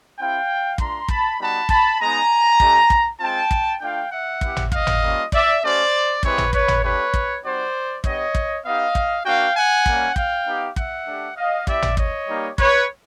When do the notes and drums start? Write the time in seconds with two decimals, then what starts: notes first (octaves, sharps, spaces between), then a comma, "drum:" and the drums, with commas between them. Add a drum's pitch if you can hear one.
0.18 C4 E4 G4 F5 G5
0.78 A3 D4 F4 A#5 C6, drum: kick
1.08 A5 B5, drum: kick
1.39 G3 B3 D#4 F#4 A5 B5
1.69 A5 B5, drum: kick
1.99 G#3 B3 D#4 G#5 A#5
2.60 A3 D4 G4, drum: kick
2.90 drum: kick
3.20 G#3 C4 F4 G5 A5
3.51 drum: kick
3.81 A3 D4 F4 F5 G5
4.11 E5 F#5
4.41 B3 E4 G4, drum: kick
4.56 drum: tom
4.72 D#5 F5, drum: kick
4.87 drum: tom
5.02 G3 A#3 C#4 F4
5.32 D5 E5, drum: kick
5.62 A3 C#4 F#4 C5 D5
6.23 G#3 C4 E4 G4 B4 C#5, drum: kick
6.38 drum: tom
6.53 B4 C#5, drum: kick
6.68 drum: tom
6.83 A3 D4 G4 B4 C#5
7.14 drum: kick
7.44 G3 C4 D#4 F#4 C5 D5
8.04 B3 D4 G4 C#5 D#5, drum: kick
8.35 drum: kick
8.65 B3 D#4 G4 D#5 F5
8.95 drum: kick
9.25 A#3 D4 F#4 F5 G5
9.56 F#5 G#5
9.86 G3 A#3 C#4, drum: kick
10.16 F5 G5, drum: kick
10.46 B3 D#4 G4
10.76 E5 F#5, drum: kick
11.07 A3 D4 G4
11.37 D#5 F5
11.67 B3 E4 G4 D5 E5, drum: kick
11.82 drum: tom
11.97 C#5 D#5, drum: kick
12.28 G3 A#3 D#4 G4
12.58 B4 C#5, drum: kick